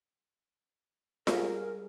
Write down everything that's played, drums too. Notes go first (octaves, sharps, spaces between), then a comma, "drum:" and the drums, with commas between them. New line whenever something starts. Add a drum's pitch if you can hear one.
G3 G#4 A#4, drum: snare F4